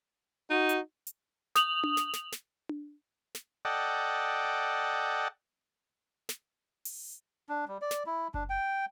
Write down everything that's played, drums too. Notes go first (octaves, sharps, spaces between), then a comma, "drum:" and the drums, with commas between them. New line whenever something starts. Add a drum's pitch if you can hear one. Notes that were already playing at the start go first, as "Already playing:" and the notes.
D#4 F#4
drum: hi-hat
drum: hi-hat
D#6 F7 F#7, drum: snare
drum: tom D4
drum: snare
drum: snare
drum: snare
drum: tom D4
drum: snare
A4 D5 D#5 F#5 G5
drum: snare
drum: open hi-hat
D4
G3
D5
drum: snare
E4
D4, drum: kick F#1
G5